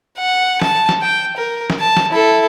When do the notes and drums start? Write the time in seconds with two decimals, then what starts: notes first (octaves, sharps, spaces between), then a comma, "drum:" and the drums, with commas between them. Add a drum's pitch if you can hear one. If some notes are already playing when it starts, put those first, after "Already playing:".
0.18 F#5
0.62 A5, drum: snare
0.89 drum: snare
1.02 G5
1.37 A#4
1.70 drum: snare
1.80 A5
1.97 drum: snare
2.10 E4 A4